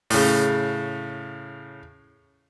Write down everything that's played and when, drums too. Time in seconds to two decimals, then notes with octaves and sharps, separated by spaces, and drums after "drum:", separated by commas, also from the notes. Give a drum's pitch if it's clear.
0.10 A2 C#3, drum: open hi-hat